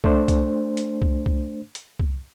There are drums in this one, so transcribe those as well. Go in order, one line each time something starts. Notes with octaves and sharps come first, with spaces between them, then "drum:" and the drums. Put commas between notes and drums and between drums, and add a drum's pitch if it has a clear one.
A3 D4 C5, drum: kick C2
drum: kick C2, hi-hat
drum: hi-hat
drum: kick C2
drum: kick C2
drum: hi-hat
drum: kick C2